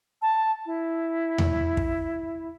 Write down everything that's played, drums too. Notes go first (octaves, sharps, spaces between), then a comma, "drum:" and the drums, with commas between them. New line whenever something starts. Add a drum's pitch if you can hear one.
A5
E4
drum: tom E2
drum: kick